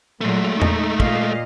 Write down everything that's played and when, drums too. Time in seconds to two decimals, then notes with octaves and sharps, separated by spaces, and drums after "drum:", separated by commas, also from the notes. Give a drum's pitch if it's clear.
0.21 A#2 F#3 G#3 A3
0.62 D#4, drum: tom E2
1.00 A#2 D#5 F5, drum: kick